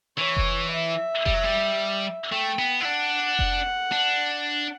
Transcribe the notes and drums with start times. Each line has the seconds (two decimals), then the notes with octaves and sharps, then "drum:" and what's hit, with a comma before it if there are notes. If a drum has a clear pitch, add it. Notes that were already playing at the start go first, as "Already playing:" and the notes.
0.18 E3 C#5
0.37 drum: kick F1
0.73 E5
1.26 G3, drum: kick F1
1.34 F#3
1.44 G3
2.32 A3 G5
2.59 B3
2.81 E4
2.85 D4 F#5
3.39 drum: kick F1
3.92 D4